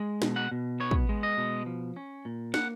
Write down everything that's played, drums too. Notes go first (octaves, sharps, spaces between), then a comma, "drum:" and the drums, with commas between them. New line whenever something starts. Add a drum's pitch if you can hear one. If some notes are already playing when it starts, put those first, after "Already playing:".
Already playing: G#3
B2, drum: snare
F#5
B2
B3 C#5
drum: kick
G#3
D#5
B2
F3
C#4
A#2
A#3 F#5, drum: snare